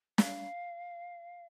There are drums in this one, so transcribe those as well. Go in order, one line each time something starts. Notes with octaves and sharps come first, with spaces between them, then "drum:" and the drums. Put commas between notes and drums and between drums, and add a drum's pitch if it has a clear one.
F5, drum: snare